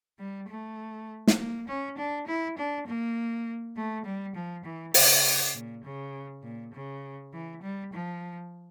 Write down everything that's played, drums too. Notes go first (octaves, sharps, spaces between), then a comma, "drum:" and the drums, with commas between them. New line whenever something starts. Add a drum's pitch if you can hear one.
G3
A3
drum: snare
A#3
C#4
D4
E4
D4
A#3
A3
G3
F3
E3
C#3, drum: open hi-hat
A#2
C#3
A#2
C#3
E3
G3
F3